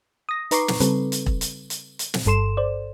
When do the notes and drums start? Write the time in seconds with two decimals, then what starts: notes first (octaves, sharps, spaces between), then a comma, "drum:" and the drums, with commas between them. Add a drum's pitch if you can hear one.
0.29 D#6 A#6
0.51 D#4 B4 A#5 C#6 D6 C7, drum: hi-hat
0.68 drum: snare
0.80 C#3 G3 C4 A4 B4, drum: hi-hat
1.12 drum: hi-hat
1.26 drum: kick E1
1.41 drum: hi-hat
1.70 drum: hi-hat
1.99 drum: hi-hat
2.14 drum: snare
2.25 G1 G2 A4 C6 E7
2.57 C5 D5